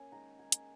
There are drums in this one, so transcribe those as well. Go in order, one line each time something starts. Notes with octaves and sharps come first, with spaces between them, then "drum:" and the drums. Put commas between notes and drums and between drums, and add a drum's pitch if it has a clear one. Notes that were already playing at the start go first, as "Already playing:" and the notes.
Already playing: A#3 C#4 G#5
D#3 G#3 D#4 A#5
G#5
drum: hi-hat